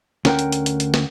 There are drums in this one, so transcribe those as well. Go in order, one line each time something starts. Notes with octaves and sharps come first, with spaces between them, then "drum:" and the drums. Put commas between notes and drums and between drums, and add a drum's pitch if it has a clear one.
D2 C#4 A#4 F#5 G5, drum: snare
drum: hi-hat
drum: hi-hat
drum: hi-hat
drum: hi-hat
drum: snare